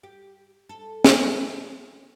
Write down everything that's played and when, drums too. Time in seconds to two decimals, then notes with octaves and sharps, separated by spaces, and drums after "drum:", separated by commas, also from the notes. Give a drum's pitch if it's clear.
0.03 G4
0.69 A4
1.04 drum: snare